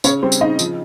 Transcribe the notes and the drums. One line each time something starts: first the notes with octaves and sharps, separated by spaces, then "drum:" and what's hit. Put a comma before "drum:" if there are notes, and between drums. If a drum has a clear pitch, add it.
C#3 C#4 C#5, drum: tambourine
G3 C4 C5
drum: tambourine
C#3 D#4 D#5
F3, drum: tambourine